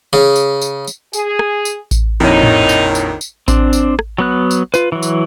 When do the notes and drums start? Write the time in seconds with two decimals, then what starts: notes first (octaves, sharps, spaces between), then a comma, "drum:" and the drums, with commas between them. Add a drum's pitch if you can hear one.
0.13 C#3
0.36 drum: tambourine
0.61 drum: tambourine
0.87 drum: tambourine
1.13 G#4, drum: tambourine
1.39 drum: rim click
1.65 drum: tambourine
1.91 drum: kick A1, tambourine
2.20 A#1 F2 D#3 D#4 E4 C#5
2.43 drum: tom A2
2.69 drum: tambourine
2.95 drum: tambourine
3.21 drum: tambourine
3.48 C4 D4, drum: kick A1, tambourine
3.73 drum: tambourine
3.99 drum: rim click
4.18 F#3 B3 F#6
4.51 drum: tambourine
4.74 F4 B4, drum: tambourine
4.92 E3 F#3
5.03 drum: tambourine